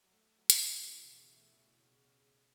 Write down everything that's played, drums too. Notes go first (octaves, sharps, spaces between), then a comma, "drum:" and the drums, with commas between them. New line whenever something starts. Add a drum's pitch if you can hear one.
F#3
A3
F#3
A3, drum: hi-hat
C#3
E3
E3
C#3
B2
C#3
E3
A3
E3
C#3
B2
C#3
C#3
C#3
C#3